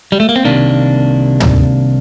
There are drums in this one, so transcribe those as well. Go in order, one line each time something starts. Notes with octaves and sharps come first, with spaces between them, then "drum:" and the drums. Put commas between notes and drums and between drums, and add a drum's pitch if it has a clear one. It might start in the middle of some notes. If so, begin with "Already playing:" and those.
G3
A3
A#3
C4
C2 C3 D#3 A#3 D4
drum: tom